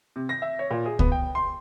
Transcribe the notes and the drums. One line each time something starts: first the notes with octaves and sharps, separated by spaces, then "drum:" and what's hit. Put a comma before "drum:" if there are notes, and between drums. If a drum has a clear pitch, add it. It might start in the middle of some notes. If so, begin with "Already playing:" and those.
C3
A#6
E5
C#5
A#2
G#4
B3, drum: kick C#2
G5
C6